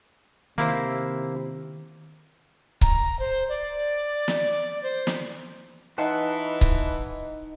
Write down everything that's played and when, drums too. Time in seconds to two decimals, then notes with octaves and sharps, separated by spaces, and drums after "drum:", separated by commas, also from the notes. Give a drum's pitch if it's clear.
0.58 C3 D#3 A#3 E4 C5, drum: hi-hat
2.81 A#5, drum: kick C#1
3.19 C5
3.49 D5
4.28 drum: snare
4.83 C5
5.07 drum: snare
5.98 E3 D#4 B4 F#5 G#5 A5 C6
6.61 drum: kick C#1